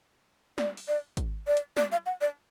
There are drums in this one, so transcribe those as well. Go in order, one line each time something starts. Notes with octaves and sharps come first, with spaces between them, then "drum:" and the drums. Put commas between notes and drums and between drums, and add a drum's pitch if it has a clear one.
D5, drum: snare
drum: open hi-hat
D5
drum: kick G#1, hi-hat
D5
drum: hi-hat
D5, drum: snare
F5
F#5
D5